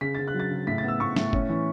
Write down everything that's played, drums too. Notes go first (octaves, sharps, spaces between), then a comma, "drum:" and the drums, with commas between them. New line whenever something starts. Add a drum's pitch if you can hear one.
C#3 B6
C#3 A6
F#6
F#3
A6
C#3
A2 B6
A6
B3 E6
A2 C#6
A2, drum: snare
C#4, drum: kick
E3